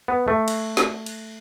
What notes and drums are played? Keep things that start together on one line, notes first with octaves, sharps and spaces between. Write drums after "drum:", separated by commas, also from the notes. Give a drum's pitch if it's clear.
B3
A3
drum: cymbal
drum: snare
drum: cymbal